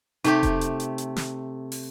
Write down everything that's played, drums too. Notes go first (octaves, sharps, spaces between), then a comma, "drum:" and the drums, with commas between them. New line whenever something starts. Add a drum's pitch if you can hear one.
C3 A3 D#4 G4, drum: hi-hat
drum: kick E1, hi-hat
drum: hi-hat
drum: hi-hat
drum: hi-hat
drum: snare
drum: open hi-hat